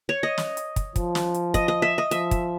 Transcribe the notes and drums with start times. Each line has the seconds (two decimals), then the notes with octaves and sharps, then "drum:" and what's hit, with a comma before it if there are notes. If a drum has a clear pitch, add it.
0.09 C#5
0.23 D#5
0.38 drum: snare
0.57 drum: hi-hat
0.76 drum: kick, hi-hat
0.96 F3, drum: kick, hi-hat
1.15 drum: snare
1.34 drum: hi-hat
1.54 D#5, drum: kick, hi-hat
1.68 D#5
1.82 E5
1.98 D#5
2.11 F3 E5, drum: hi-hat
2.31 drum: kick, hi-hat